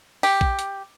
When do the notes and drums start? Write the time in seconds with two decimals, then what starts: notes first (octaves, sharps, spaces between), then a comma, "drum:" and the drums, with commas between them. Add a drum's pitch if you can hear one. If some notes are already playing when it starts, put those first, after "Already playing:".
0.23 G4, drum: open hi-hat
0.41 drum: kick A#1
0.59 drum: hi-hat